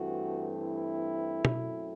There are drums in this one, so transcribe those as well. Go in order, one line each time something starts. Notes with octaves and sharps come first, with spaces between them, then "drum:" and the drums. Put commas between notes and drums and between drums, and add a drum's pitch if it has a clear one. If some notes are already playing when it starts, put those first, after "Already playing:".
Already playing: G2 E3 A3 C4 F#4
E4
F#2 F#3 A3 C4, drum: tom